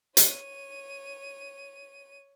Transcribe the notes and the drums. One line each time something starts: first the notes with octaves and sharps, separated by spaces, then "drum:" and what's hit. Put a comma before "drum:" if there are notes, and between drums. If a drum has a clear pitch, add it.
C#5 D#7, drum: hi-hat